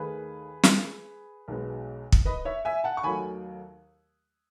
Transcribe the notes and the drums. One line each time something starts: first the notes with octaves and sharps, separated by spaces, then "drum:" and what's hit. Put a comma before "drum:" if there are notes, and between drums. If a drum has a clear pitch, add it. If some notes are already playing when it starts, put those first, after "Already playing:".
Already playing: D#2 D#3 A3 G#4 B4
drum: snare
B1 B2 G#3 B3
drum: kick
B4 D#5
C#5 E5
E5 G#5
F#5 A5
C#6
D#2 D#3 F#3 A3 G#5 B5